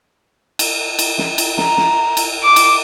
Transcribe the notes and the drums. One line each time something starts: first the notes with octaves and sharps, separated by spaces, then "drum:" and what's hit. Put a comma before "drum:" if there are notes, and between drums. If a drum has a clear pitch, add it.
drum: cymbal
drum: cymbal
drum: snare
drum: cymbal
A#5, drum: snare
drum: snare
drum: cymbal
D6
drum: cymbal